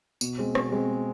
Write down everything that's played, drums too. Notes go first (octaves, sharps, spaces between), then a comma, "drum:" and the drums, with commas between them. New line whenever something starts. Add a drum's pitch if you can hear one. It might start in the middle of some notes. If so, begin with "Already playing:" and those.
B2, drum: tambourine
G#3 C4
B2, drum: rim click
G#3 C4